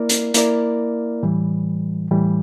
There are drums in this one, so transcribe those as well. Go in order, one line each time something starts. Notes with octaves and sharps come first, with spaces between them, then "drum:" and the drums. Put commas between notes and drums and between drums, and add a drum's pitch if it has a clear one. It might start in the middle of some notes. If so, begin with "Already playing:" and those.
Already playing: A#3 E4 A#4 D5
drum: hi-hat
A#3 E4 A#4 D5, drum: hi-hat
A2 E3 G3
A2 E3 G3